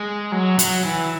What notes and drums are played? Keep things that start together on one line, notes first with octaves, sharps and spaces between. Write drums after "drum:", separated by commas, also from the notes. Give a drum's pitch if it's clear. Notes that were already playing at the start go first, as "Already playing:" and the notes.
Already playing: G#3
F#3
F#3, drum: hi-hat
E3